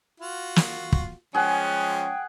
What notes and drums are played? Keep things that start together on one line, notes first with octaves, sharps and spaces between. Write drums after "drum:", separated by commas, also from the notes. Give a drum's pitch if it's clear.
F4 F#4
drum: snare
drum: kick
F3 G#3 C#4 G#4 F#5 G5